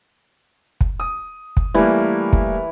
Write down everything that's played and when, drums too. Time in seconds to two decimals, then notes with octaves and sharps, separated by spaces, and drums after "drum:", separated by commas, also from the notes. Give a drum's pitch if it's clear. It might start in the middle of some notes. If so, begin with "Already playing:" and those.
0.81 drum: kick
1.00 D#6
1.57 drum: kick
1.75 E3 G3 A3 A#3
2.33 drum: kick